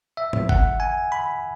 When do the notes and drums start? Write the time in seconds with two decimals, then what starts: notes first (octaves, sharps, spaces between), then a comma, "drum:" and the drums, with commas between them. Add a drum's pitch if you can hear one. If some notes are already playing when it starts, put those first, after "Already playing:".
0.17 E5
0.33 drum: tom
0.49 F#5, drum: kick G1
0.80 G#5
1.12 B5